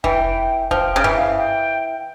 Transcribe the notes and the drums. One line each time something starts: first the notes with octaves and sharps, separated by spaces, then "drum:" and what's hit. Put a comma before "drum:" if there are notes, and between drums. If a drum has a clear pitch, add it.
E3 G5, drum: kick F1
F3 G5, drum: kick F1
C#3 G5
E3, drum: tom F#2
F5
G5